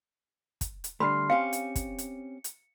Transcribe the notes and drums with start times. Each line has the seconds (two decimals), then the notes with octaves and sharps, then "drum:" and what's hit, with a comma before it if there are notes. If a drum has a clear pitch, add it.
0.61 drum: kick, hi-hat
0.84 drum: hi-hat
1.00 D3 G3 A3 B5 C6 F6 C7
1.30 C4 C#4 G4 F5 C#7
1.53 drum: hi-hat
1.76 drum: kick, hi-hat
1.98 drum: hi-hat
2.44 drum: hi-hat